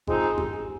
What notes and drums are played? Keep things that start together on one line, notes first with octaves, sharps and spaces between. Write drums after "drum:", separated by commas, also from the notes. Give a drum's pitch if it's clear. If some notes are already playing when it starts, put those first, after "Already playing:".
F3 G#3 C4 D#4 G#4, drum: kick G1
G#4
G4, drum: kick G1
G#4